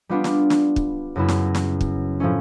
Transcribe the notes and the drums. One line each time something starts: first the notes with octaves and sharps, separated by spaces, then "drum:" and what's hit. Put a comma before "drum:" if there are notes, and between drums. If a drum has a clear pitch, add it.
G3 B3 D4 F4
drum: snare
drum: snare
drum: kick
F#2 C#3 F#3 B3 E4
drum: snare
drum: snare
drum: kick
A2 F3 A3 C#4